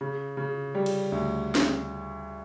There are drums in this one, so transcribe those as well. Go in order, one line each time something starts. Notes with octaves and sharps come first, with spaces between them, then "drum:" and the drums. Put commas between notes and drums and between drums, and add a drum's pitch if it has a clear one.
C#3
C#3
G3
drum: cymbal
D2
drum: snare